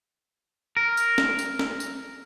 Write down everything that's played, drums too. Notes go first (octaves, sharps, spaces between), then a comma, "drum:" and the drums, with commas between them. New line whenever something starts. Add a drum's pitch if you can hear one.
A#4
drum: tambourine
drum: snare
drum: tambourine
drum: snare
drum: tambourine